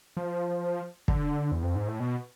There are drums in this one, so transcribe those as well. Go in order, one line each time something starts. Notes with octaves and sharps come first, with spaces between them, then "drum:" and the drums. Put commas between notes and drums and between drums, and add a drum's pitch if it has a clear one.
F3
D3, drum: kick
E2
F2
G#2
A2
B2